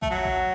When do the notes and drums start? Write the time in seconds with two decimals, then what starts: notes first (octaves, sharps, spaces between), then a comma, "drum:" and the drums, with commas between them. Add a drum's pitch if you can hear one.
0.02 A3, drum: kick
0.10 F#3
0.25 drum: kick